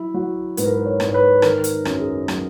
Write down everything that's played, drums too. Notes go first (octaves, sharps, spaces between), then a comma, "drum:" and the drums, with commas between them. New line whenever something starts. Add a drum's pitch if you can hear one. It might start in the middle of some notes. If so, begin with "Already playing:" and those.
Already playing: F#3 E4
F#3 F#4
G#2 B4, drum: hi-hat
A#4
B4
C#5
G#2, drum: rim click
C#5
B4
D#3 A#4, drum: rim click
drum: hi-hat
F#2, drum: rim click
G#4
F#3, drum: rim click